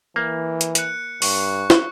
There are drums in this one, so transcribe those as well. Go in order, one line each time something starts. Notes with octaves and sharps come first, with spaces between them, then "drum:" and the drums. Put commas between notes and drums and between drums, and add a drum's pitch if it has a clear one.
E3 A#3
drum: hi-hat
F#6 C#7, drum: hi-hat
G2 C#6, drum: open hi-hat
drum: snare